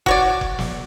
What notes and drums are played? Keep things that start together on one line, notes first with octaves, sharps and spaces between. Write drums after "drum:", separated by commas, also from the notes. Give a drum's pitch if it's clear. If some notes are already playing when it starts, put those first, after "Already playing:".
F#4 C#5 D5, drum: kick F1
drum: kick F1
drum: snare